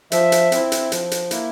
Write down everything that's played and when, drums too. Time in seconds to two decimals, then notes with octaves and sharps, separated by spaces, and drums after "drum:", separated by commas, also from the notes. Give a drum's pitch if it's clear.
0.12 F3 E5, drum: hi-hat
0.32 drum: hi-hat
0.52 C4 E4, drum: hi-hat
0.72 drum: hi-hat
0.92 F3, drum: hi-hat
1.11 drum: hi-hat
1.31 A#3 E4, drum: hi-hat